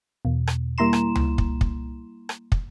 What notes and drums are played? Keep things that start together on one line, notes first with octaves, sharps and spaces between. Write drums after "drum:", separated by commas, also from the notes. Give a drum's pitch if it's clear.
E2 B2
drum: rim click
G3 A#3 E4 A#5 C6 E7
drum: rim click
drum: tom C#2
drum: kick
drum: kick
drum: rim click
drum: kick